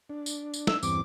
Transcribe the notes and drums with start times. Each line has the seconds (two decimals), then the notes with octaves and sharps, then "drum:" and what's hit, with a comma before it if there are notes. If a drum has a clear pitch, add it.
0.10 D4
0.26 drum: tambourine
0.54 drum: tambourine
0.67 E6, drum: snare
0.83 E2 G2 C4 D6, drum: tambourine